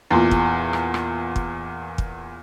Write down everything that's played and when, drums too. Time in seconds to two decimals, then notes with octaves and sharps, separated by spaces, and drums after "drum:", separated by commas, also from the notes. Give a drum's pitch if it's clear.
0.11 E2 A#2
0.31 drum: kick
0.73 drum: rim click
0.94 drum: rim click
1.36 drum: kick
1.98 drum: kick